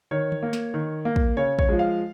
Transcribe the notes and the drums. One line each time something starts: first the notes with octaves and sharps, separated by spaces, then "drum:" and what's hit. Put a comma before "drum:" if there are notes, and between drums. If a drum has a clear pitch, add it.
D#3 C#5
drum: tom D#3
A#3
drum: snare
D#3
A#3
drum: kick
C#3 C#5
C#5, drum: kick
F3 G#3
F5